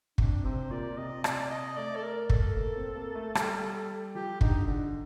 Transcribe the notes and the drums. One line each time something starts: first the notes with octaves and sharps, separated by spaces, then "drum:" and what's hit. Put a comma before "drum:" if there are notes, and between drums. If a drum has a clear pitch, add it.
C3 D4, drum: kick
C3 C5
A#2 D5
C3 D#5
D5, drum: rim click
D#5
A3 D5
A4
A#4
A4, drum: kick
A#3
C4
A#3
A3
G3, drum: rim click
F3 G4
D3 D#4, drum: kick
D3 D4